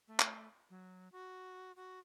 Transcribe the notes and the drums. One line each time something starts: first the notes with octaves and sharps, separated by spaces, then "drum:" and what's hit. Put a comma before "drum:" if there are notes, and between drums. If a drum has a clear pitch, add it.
A3
drum: clap
F#3
F#4
F#4